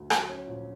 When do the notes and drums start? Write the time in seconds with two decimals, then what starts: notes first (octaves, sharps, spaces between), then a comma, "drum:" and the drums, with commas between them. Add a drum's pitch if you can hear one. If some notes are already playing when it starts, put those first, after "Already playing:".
Already playing: D2
0.10 F#3, drum: rim click
0.29 C#4
0.47 A#1